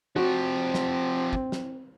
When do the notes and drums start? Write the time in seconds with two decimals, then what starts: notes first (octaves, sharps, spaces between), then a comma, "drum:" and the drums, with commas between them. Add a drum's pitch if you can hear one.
0.16 F3 C4 F#4 G4
0.74 drum: snare
1.33 drum: kick
1.52 drum: snare